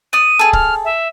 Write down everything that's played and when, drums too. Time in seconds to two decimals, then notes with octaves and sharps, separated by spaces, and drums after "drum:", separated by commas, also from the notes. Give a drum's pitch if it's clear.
0.13 D5 D#6 D#7
0.39 G#4 A4
0.53 F6, drum: kick C#1
0.85 E5